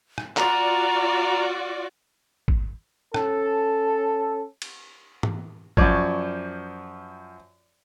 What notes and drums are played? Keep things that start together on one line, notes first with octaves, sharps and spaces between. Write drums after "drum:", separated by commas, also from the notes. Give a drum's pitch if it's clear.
drum: rim click
F4 F#4 D5 A#5, drum: clap
drum: kick G#1
C#4 A4, drum: rim click
drum: cymbal
drum: tom
F#2 F3 D5 C#6 G#6, drum: kick G#1